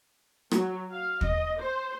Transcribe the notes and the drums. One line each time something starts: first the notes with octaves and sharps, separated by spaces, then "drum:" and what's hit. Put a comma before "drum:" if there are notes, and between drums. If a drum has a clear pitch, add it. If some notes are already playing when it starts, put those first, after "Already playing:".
F#3, drum: rim click
F5
D#5, drum: kick
C5